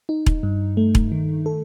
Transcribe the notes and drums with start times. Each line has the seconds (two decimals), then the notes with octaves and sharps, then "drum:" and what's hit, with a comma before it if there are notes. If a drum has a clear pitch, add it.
0.09 D#4
0.26 drum: kick E1
0.43 G2
0.77 A3
0.95 drum: kick E1
1.12 D#3
1.46 A4